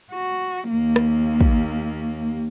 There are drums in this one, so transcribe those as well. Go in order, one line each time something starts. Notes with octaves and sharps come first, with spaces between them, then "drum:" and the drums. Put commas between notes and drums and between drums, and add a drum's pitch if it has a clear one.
F#4
D#2 A#3
drum: rim click
drum: kick